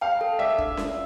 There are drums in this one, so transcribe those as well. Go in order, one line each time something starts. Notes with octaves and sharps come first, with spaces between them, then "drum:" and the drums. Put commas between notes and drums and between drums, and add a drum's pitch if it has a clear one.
F5 G5
A4
D5 E5
D4, drum: kick
D4, drum: snare C#4